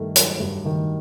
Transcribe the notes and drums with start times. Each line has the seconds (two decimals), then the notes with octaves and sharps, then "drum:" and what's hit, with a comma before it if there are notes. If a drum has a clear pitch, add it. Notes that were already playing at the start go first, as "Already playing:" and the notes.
Already playing: G2 D#3 A3
0.16 F#3, drum: hi-hat
0.40 G2
0.65 D#3